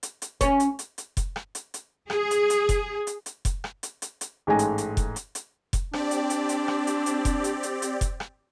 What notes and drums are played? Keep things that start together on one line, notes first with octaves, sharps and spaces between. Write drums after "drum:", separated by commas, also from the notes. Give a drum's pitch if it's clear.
drum: hi-hat
drum: hi-hat
C#4, drum: kick F1, hi-hat
drum: hi-hat
drum: hi-hat
drum: hi-hat
drum: kick F1, hi-hat
drum: rim click
drum: hi-hat
drum: hi-hat
G#4, drum: rim click
drum: hi-hat
drum: hi-hat
drum: kick F1, hi-hat
drum: hi-hat
drum: hi-hat
drum: kick F1, hi-hat
drum: rim click
drum: hi-hat
drum: hi-hat
drum: hi-hat
A1 G#2 G#3 A3 G#5 A#6
drum: hi-hat
drum: hi-hat
drum: kick F1, hi-hat
drum: hi-hat
drum: hi-hat
drum: kick F1, hi-hat
C4 D4 G4 D5, drum: rim click
drum: hi-hat
drum: hi-hat
drum: hi-hat
drum: rim click
drum: hi-hat
drum: hi-hat
drum: kick F1, hi-hat
drum: hi-hat
drum: hi-hat
drum: hi-hat
drum: kick F1, hi-hat
drum: rim click